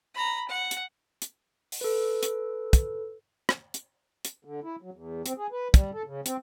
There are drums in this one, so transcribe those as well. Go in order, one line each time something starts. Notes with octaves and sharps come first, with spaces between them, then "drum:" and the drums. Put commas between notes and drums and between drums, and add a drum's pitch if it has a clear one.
A#5 B5
F#5
drum: hi-hat
drum: hi-hat
drum: open hi-hat
A4 B4
drum: hi-hat
drum: kick, hi-hat
drum: rim click
drum: hi-hat
drum: hi-hat
D3
E4
F#3
E2
C4, drum: hi-hat
G#4
B4
G3, drum: kick, hi-hat
A4
C#3
C4, drum: hi-hat